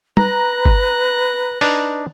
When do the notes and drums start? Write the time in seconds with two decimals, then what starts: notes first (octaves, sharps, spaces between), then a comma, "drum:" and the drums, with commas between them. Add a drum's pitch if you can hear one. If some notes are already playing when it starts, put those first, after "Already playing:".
0.17 B4 A#5 F#6 A#6, drum: tom
0.65 drum: kick G1
1.61 D4 D#4 B4, drum: open hi-hat